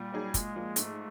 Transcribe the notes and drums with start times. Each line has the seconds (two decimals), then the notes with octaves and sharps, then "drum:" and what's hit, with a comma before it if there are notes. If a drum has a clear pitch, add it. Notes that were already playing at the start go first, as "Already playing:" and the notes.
Already playing: A#2 G3
0.12 F#3 A#3 D#4 G#4
0.34 A#2 G#3, drum: kick, hi-hat
0.56 F3 A#3
0.76 G#2 A3, drum: hi-hat